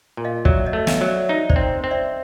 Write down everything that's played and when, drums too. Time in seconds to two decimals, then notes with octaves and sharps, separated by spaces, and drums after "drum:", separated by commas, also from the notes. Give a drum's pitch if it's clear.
0.17 A#2
0.25 D#5 F5
0.45 F#3 D5 E5, drum: kick
0.66 C#5 D#5
0.73 A3
0.87 D#5 F5, drum: snare
1.01 F#3
1.08 D5 E5
1.28 D#4 D5 E5
1.50 C5 D5, drum: kick
1.56 C4
1.84 C4
1.91 D5 E5